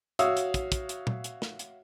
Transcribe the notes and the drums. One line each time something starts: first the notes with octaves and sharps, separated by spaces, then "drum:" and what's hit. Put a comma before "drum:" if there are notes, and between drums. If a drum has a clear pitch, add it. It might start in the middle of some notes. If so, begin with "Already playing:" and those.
F#4 C#5 E5 F5 D#6 E6, drum: hi-hat
drum: hi-hat
drum: kick, hi-hat
drum: kick, hi-hat
drum: hi-hat
drum: tom
drum: hi-hat
drum: snare
drum: hi-hat